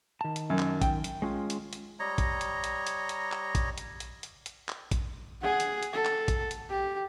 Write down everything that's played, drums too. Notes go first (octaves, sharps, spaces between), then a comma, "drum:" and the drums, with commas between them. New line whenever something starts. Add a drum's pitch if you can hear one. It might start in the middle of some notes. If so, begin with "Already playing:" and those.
D#3 A5
drum: hi-hat
F#2
drum: clap
G5, drum: kick A1, hi-hat
drum: hi-hat
G#3 C#4 F4
drum: hi-hat
drum: hi-hat
G3 C#5 D#5 A#5
drum: kick A1, hi-hat
drum: hi-hat
drum: hi-hat
drum: hi-hat
drum: hi-hat
drum: clap
drum: kick A1, hi-hat
drum: hi-hat
drum: hi-hat
drum: hi-hat
drum: hi-hat
drum: clap
drum: kick A1, hi-hat
G#4 F#5
drum: hi-hat
drum: hi-hat
A4
drum: clap
drum: kick A1, hi-hat
drum: hi-hat
G4